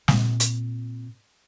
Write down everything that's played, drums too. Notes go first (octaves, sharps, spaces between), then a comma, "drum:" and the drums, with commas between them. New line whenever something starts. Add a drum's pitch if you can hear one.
A#2 C4, drum: snare
drum: hi-hat